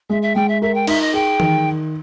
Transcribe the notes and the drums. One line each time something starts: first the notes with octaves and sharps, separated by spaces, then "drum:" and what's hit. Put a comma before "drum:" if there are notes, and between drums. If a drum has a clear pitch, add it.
G#3 E5
E5
G#3 G5
E5
A#4 E5
G5
D#4 E5, drum: cymbal
D#5
G#4 G5
D#3, drum: tom E3